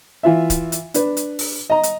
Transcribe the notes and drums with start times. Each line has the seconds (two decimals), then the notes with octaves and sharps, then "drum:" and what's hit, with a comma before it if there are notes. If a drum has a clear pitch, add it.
0.23 E3 F4 E5
0.50 drum: kick D1, hi-hat
0.72 drum: hi-hat
0.94 D4 B4, drum: hi-hat
1.17 drum: hi-hat
1.39 drum: open hi-hat
1.70 D#5 A#5
1.83 drum: hi-hat